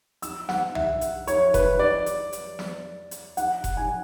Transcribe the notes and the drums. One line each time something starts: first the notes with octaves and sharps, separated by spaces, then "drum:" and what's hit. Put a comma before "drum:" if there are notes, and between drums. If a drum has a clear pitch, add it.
E6, drum: hi-hat
F#5, drum: snare
E5, drum: tom
drum: hi-hat
C#5, drum: hi-hat
B4, drum: kick F1, hi-hat
D5
drum: hi-hat
drum: hi-hat
drum: snare
drum: hi-hat
F#5, drum: hi-hat
drum: kick F1, hi-hat
G#5